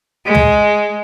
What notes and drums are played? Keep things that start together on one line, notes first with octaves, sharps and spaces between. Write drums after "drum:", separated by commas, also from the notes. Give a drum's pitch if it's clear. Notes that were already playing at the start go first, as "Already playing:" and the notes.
G#3
drum: tom